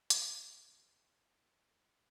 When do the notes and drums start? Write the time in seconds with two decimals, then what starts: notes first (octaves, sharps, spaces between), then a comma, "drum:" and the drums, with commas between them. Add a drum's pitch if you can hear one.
0.10 F5, drum: hi-hat
0.64 G5
1.18 C6
1.70 B5